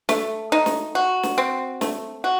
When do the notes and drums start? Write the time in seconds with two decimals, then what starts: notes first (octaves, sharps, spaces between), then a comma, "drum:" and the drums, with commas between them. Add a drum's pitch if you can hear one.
0.09 A3, drum: snare
0.52 D#4
0.66 drum: snare
0.95 F#4
1.23 drum: snare
1.38 C4
1.81 A3, drum: snare
2.24 F#4